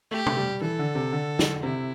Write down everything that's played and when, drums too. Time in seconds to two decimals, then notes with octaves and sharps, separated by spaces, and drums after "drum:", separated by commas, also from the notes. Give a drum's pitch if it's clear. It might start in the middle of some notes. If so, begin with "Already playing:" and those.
0.11 A3 G4
0.26 A3, drum: tom
0.37 G3
0.61 E3 A4
0.79 D3
0.95 C3
1.12 D3
1.39 drum: snare
1.63 C3 E4